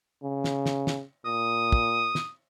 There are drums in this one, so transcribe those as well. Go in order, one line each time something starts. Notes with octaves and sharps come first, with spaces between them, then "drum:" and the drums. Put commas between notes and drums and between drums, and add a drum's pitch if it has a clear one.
C#3
drum: snare
drum: snare
drum: snare
A#2 D#6
drum: kick
drum: snare